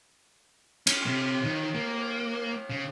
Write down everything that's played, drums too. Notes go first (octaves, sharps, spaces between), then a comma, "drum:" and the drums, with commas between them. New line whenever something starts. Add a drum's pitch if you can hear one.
C#4, drum: cymbal
C3
D#3
A#3
C#3